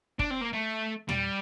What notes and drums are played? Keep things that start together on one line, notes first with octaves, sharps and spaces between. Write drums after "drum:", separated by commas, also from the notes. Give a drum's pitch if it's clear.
D4, drum: kick
C4
A#3
A3
G3, drum: tom